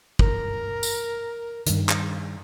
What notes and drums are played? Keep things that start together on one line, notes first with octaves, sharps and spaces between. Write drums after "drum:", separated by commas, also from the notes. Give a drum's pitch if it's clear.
A#4, drum: kick
drum: tambourine
G2 D#3, drum: hi-hat
drum: clap